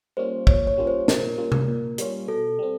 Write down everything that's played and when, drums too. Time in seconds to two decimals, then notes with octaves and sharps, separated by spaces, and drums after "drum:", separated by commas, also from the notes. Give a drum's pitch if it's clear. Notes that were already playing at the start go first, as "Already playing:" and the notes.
0.17 G3 A#3 C#4 F4 C5
0.47 A#2 C#5, drum: kick
0.67 C#5
0.78 G3 A#3 C#4 F4
0.87 C5
1.08 A#2 A#4, drum: snare
1.38 G3 A#3 C#4 F4
1.52 drum: tom C3
1.68 A#2
1.98 G3 A#3 C#4 F4, drum: hi-hat
2.28 B2 A4
2.59 G3 C4